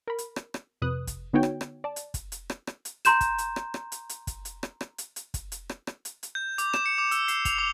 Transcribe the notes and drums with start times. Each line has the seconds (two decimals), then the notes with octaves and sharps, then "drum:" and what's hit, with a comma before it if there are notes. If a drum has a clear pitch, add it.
0.08 A#4 B5
0.18 drum: hi-hat
0.36 drum: rim click
0.54 drum: rim click
0.82 F2 C3 B4 D#6 F#6
1.07 drum: kick, hi-hat
1.33 D3 B3 D#4 F#4 C#5 G5
1.43 drum: rim click
1.61 drum: rim click
1.84 D5 A5
1.96 drum: hi-hat
2.14 drum: kick, hi-hat
2.32 drum: hi-hat
2.50 drum: rim click
2.67 drum: rim click
2.85 drum: hi-hat
3.05 A#5 C6 G6 E7, drum: hi-hat
3.21 drum: kick, hi-hat
3.38 drum: hi-hat
3.56 drum: rim click
3.74 drum: rim click
3.92 drum: hi-hat
4.09 drum: hi-hat
4.27 drum: kick, hi-hat
4.45 drum: hi-hat
4.63 drum: rim click
4.81 drum: rim click
4.98 drum: hi-hat
5.16 drum: hi-hat
5.34 drum: kick, hi-hat
5.52 drum: hi-hat
5.69 drum: rim click
5.87 drum: rim click
6.05 drum: hi-hat
6.23 drum: hi-hat
6.35 G6
6.58 D6, drum: hi-hat
6.73 E7, drum: rim click
6.86 C#7
6.98 D6
7.11 E6, drum: hi-hat
7.28 C7, drum: hi-hat
7.45 F7, drum: kick, hi-hat
7.58 D6